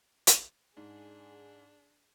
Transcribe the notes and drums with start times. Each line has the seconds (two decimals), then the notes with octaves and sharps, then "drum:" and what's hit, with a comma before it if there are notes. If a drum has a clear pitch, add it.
0.27 drum: hi-hat
0.77 G#2 D4 G#4